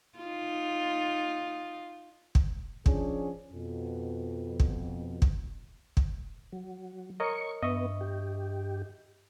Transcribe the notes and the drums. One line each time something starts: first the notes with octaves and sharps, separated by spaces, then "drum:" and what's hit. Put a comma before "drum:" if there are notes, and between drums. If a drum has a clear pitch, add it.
D#4 F4
drum: kick
F3 C#4 D4 G#4, drum: kick
F2 B2
drum: kick
drum: kick
drum: kick
F#3
A#4 C#5 D#5 C#6
G2 B3 D#5 E5 C#6
G4